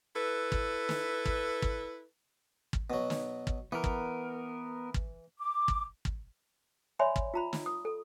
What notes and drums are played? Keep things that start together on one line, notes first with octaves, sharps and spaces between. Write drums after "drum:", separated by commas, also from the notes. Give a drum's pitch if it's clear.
E4 A4 B4
drum: kick
drum: snare
drum: kick
drum: kick
drum: kick
B2 F#3
drum: snare
drum: kick
E3 B3 A#4
drum: kick
drum: kick
D6
drum: kick
drum: kick
C#5 D5 E5 G#5 B5 C6
drum: kick
F4 A#5 B5
drum: snare
D#6
A4